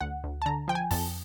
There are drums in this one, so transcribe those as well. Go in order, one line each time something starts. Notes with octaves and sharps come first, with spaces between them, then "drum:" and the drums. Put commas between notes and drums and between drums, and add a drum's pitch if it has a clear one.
D2 F#5
D2
A5
D3 A#5
F3 G5
G#5
F2 A5, drum: kick, open hi-hat